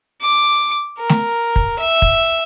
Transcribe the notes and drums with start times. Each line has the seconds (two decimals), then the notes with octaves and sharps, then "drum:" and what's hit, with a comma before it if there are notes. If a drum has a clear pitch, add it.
0.22 D6
0.99 A#4
1.09 drum: snare A3
1.56 drum: kick
1.79 E5
2.02 drum: kick